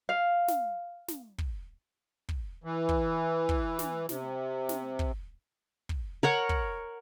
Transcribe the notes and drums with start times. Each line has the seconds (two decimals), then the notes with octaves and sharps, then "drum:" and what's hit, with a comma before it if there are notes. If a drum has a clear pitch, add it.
0.09 F5
0.48 drum: snare
1.08 drum: snare
1.38 drum: kick
2.29 drum: kick
2.64 E3
2.89 drum: kick
3.49 drum: kick
3.79 drum: snare
4.09 C3, drum: snare
4.69 drum: snare
4.99 drum: kick
5.89 drum: kick
6.23 A#4 C#5 F#5
6.49 drum: kick